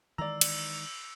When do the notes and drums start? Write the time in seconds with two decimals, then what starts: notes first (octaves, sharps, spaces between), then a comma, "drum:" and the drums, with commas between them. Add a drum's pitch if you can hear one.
0.18 D#3 E3 G#3 D5 A#5 E6
0.41 drum: cymbal